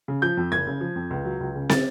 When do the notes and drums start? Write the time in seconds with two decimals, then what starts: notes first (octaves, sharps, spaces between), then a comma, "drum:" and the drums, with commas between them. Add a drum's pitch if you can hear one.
0.08 C#3
0.22 F3 G6
0.37 F2
0.52 F#1 G#6
0.67 C#3
0.81 F3
0.95 F2
1.10 C#2
1.25 F#3
1.40 C#2
1.55 C#3
1.70 A6, drum: snare